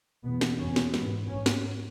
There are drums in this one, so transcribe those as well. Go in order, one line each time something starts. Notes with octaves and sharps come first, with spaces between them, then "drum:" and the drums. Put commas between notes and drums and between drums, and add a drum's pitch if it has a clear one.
E2 B2 B3
drum: snare
E2 B2 C#4
drum: snare
G#2 B3, drum: snare
G#2 C#4
drum: snare